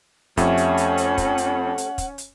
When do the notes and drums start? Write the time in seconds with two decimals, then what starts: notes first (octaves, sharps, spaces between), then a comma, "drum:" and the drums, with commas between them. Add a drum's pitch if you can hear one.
0.37 F2 A3 C#4 G4 A4 F#5, drum: kick, hi-hat
0.57 drum: hi-hat
0.77 drum: hi-hat
0.98 drum: hi-hat
1.18 drum: kick, hi-hat
1.38 drum: hi-hat
1.78 drum: hi-hat
1.98 drum: kick, hi-hat
2.18 drum: hi-hat